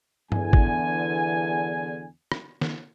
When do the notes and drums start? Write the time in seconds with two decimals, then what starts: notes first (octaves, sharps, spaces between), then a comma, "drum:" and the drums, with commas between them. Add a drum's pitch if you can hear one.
0.32 E2 D3 G#5, drum: tom G2
0.53 drum: kick
2.32 drum: rim click
2.61 drum: snare